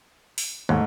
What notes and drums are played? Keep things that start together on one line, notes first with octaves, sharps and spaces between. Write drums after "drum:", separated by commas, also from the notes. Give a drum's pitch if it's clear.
drum: open hi-hat
D#2 G#2 A3